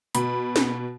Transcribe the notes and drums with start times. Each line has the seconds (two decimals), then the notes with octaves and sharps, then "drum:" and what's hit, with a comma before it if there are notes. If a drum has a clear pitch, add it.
0.15 B2 B5, drum: hi-hat
0.56 drum: snare